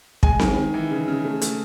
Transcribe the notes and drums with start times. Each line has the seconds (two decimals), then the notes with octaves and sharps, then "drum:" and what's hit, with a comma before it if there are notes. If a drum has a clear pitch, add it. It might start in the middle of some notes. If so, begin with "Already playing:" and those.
0.23 G#3 G#5, drum: kick
0.39 D#3, drum: snare C4
0.56 D#3
0.74 E3
0.91 C#3
1.08 C#3
1.25 A3
1.41 A3, drum: hi-hat